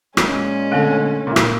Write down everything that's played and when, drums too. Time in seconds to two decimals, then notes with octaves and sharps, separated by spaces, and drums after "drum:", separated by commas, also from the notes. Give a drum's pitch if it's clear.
0.17 A#2 G#3 C#4, drum: rim click
0.72 D3 A3 C4 A4
1.27 A#2 E4
1.36 drum: rim click